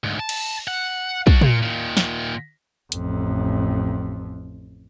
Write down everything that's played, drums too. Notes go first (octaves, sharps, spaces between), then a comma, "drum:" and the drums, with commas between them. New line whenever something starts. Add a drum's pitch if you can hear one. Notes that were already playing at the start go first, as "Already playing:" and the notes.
D2 G#2
A5
drum: cymbal
F#5
D4 F#4, drum: kick
A#2, drum: tom
A#2 D#3
drum: snare
A1 F2, drum: hi-hat